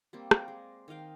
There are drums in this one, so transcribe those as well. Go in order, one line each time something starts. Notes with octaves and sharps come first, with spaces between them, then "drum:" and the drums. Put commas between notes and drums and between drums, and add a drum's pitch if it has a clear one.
G3 A#3 C4
C5 D5 G5 A#5, drum: rim click
G#3
D#3 D#5 F5 G5